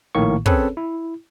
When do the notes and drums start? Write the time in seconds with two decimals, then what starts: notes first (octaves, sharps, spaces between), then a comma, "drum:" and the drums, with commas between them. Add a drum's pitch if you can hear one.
0.15 A#1 A2 D#3 A#3 C#6
0.46 C4 C#4 G#4 A4 B4 C#5, drum: kick
0.77 E4